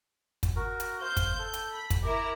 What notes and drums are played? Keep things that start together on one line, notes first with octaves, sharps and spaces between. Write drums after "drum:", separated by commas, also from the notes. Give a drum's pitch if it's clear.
drum: kick, hi-hat
F#4 A#4
drum: hi-hat
C5 F5 G6
drum: kick, hi-hat
A4
drum: hi-hat
B5
drum: kick, hi-hat
E4 G4 A#4 A#5